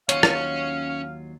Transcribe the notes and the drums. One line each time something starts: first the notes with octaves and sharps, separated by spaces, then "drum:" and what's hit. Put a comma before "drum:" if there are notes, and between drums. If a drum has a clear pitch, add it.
D#2 F#3 C#4 F4 C#5 F5 G#5, drum: hi-hat
drum: rim click